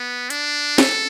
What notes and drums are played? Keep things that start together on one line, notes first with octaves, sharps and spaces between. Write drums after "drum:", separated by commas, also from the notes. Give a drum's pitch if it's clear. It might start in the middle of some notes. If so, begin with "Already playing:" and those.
Already playing: B3
D4, drum: hi-hat
A4, drum: snare